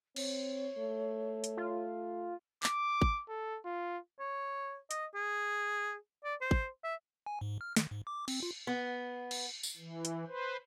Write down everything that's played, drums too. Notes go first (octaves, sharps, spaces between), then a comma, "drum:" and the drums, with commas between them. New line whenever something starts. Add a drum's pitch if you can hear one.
C4 C#5, drum: cymbal
A3
drum: hi-hat
F4
D6, drum: clap
drum: kick
A4
F4
C#5
D#5, drum: hi-hat
G#4
D5
C5
drum: kick
E5
G#5
G#2
F6
D#3, drum: snare
G#2
D6
C4, drum: cymbal
F4
B3
drum: cymbal
drum: tambourine
E3
drum: hi-hat
B4 C5